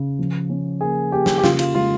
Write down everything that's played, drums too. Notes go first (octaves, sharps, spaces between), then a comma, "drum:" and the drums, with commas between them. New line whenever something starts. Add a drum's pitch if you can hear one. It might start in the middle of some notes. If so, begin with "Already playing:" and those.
Already playing: C#3
F3
C#4
A#3 G#4
A#3 G4
drum: snare
G4
C#3 F4, drum: snare
F4, drum: cymbal
G#3 F4